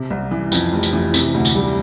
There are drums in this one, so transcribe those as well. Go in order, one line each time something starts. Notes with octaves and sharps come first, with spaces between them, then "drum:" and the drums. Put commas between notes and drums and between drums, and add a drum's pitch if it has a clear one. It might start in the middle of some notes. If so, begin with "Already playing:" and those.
Already playing: C3
C2
E3
F2, drum: tambourine
F1
drum: tambourine
E3
C3, drum: tambourine
D2
drum: tambourine
G3